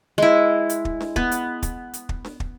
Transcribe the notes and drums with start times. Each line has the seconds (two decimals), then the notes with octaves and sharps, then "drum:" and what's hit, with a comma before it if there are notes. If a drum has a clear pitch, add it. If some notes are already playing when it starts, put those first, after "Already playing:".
0.18 G#3 E4
0.69 drum: hi-hat
0.85 drum: kick
1.01 drum: snare D4
1.16 B3, drum: kick
1.32 drum: hi-hat
1.63 drum: kick, hi-hat
1.94 drum: hi-hat
2.09 drum: kick
2.25 drum: snare D4
2.40 drum: kick